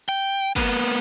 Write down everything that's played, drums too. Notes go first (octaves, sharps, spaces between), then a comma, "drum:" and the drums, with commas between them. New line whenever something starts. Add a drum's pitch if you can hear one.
G5
A#3 B3, drum: kick